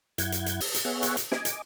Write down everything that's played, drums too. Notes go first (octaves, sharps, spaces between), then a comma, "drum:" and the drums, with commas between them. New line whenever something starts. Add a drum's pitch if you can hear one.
F#2 E4 F#5 G6 G#6, drum: hi-hat
drum: hi-hat
drum: hi-hat
drum: open hi-hat
drum: hi-hat
B3 G#4 C#5 E5 F#5
drum: hi-hat
drum: hi-hat
D#5 G#5 D6, drum: snare
drum: hi-hat